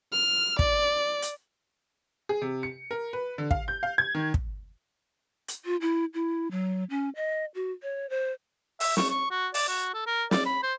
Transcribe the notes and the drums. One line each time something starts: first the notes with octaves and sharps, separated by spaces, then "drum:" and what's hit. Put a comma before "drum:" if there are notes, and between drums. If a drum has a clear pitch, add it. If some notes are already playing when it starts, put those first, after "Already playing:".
F6
D5, drum: kick
drum: hi-hat
G#4
C3
C#7
A#4
B4
D3
F5, drum: kick
G6
F5
G#6
D#3
drum: kick
drum: hi-hat
F4
E4
E4
F#3
C#4
D#5
F#4
C#5
C5
E5, drum: open hi-hat
C#6, drum: snare
C#6
F#4
D5, drum: open hi-hat
F#4
A4
A#4
D5, drum: snare
B5
C5